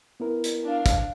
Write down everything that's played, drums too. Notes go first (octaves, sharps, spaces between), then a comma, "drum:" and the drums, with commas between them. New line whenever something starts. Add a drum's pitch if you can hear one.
B3 E4 A#4
drum: hi-hat
D4 F5
drum: kick, hi-hat